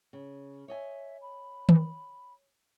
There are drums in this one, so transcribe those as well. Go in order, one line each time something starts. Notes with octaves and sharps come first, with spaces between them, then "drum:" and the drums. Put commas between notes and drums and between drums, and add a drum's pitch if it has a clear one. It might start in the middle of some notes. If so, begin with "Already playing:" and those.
C#3
C#5 D#5 E5 G#5
B5
drum: tom D#3